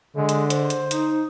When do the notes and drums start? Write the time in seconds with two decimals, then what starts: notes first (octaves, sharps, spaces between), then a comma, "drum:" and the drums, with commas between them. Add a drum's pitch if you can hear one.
0.16 D3 G#3
0.29 drum: hi-hat
0.50 C5, drum: hi-hat
0.70 drum: hi-hat
0.91 D#4, drum: hi-hat